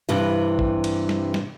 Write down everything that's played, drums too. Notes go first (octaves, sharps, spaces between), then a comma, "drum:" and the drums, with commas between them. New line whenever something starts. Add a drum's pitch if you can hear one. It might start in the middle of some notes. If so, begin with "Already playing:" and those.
G2 C3 E3
drum: kick G#1
drum: cymbal
drum: snare
drum: snare